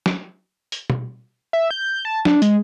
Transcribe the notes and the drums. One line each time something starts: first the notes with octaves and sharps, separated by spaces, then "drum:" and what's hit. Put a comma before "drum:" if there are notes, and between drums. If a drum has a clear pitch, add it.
drum: snare
drum: hi-hat
drum: tom
E5
G6
A5
D4, drum: snare
G#3, drum: hi-hat